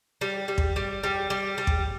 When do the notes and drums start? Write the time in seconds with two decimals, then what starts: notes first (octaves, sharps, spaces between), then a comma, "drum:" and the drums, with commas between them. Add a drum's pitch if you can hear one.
0.21 G3
0.48 G3
0.58 drum: kick
0.76 G3
1.03 G3
1.30 G3
1.58 G3
1.67 drum: kick